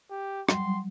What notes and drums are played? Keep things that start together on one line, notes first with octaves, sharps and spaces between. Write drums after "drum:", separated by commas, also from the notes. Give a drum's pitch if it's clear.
G4
F#3 G3 C6, drum: rim click